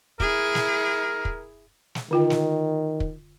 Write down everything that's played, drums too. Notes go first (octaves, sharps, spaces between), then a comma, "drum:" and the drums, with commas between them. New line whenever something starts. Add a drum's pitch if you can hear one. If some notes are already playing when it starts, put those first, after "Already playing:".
E4 G#4 A#4, drum: kick
drum: snare
drum: kick
drum: snare
D3 D#3 F4 G5
drum: snare
drum: kick